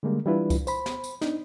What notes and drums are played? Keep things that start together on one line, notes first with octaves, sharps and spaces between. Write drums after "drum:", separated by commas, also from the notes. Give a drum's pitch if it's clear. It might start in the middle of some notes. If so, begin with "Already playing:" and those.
D3 G3 G#3 A#3
E3 G3 D4 E4 F4 B4
drum: kick C#2, tambourine
C5 B5, drum: tambourine
drum: snare
drum: tambourine
D4 D#4, drum: snare